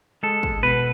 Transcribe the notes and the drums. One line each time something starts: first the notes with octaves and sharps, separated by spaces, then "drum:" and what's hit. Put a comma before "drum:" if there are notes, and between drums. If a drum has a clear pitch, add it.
G#3 A4
drum: kick
B2 B4